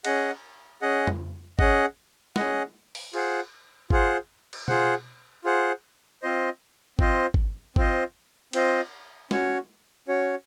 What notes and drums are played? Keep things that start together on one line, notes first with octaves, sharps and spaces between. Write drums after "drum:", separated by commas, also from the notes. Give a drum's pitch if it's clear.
C#4 G#4 D#5 F#5, drum: cymbal
C#4 G#4 D#5 F#5
drum: tom F2
C#4 G#4 D#5 F#5, drum: kick
C#4 G#4 D#5 F#5, drum: snare
drum: open hi-hat
F4 G#4 C5 F#5, drum: cymbal
F4 G#4 C5 F#5, drum: kick
drum: cymbal
F4 G#4 C5 F#5, drum: tom B2
F4 G#4 C5 F#5
C4 F4 C5 D#5
C4 F4 C5 D#5, drum: kick
drum: kick
C4 F4 C5 D#5, drum: kick
C4 F4 C5 D#5, drum: cymbal
C#4 F#4 C#5, drum: snare
C#4 F#4 C#5